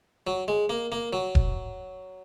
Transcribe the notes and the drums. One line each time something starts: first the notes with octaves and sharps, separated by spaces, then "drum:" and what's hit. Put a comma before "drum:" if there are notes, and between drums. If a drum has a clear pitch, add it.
F#3
G#3
A#3
A#3
F#3
drum: kick E1